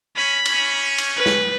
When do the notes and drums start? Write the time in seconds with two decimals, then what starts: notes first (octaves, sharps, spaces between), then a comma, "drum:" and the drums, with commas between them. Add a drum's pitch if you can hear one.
0.16 C#4 B5
0.45 C#4, drum: cymbal
0.98 drum: cymbal
1.17 B4
1.26 drum: snare